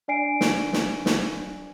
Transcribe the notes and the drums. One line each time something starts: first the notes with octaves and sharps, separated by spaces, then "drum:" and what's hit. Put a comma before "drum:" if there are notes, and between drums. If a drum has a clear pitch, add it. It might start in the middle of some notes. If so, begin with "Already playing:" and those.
D4 D5 G#5 C7 D7
drum: snare
drum: snare
drum: snare